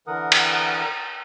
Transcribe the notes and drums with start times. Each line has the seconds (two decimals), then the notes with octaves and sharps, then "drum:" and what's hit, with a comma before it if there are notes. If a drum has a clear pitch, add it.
0.07 D3 E3 A#4 F#5 D#6
0.32 drum: cymbal